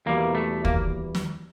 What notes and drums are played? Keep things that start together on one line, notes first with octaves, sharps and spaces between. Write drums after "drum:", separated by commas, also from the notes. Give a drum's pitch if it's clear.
E2 B2 G3 A#3
A3
A#3, drum: kick
drum: snare